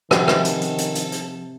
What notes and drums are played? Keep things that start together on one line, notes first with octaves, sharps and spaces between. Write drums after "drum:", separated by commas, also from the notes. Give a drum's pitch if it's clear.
C3 D#3 F3 G#4 A4 F#5, drum: rim click
drum: rim click
drum: hi-hat
drum: hi-hat
drum: hi-hat
drum: hi-hat
drum: hi-hat